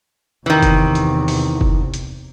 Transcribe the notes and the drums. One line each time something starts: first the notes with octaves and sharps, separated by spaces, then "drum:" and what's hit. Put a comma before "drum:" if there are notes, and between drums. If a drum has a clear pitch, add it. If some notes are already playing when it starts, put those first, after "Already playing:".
E2 C3 D#3 E3
drum: kick F1, hi-hat
drum: hi-hat
drum: open hi-hat
drum: kick F1
drum: hi-hat